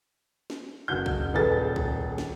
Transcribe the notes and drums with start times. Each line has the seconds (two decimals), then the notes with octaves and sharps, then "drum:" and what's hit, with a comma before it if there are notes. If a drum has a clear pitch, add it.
0.50 drum: snare
0.88 F#1 F#4 G6
1.06 drum: kick
1.34 D#1 G#4 A4 B4 A6
1.76 drum: kick
2.18 drum: snare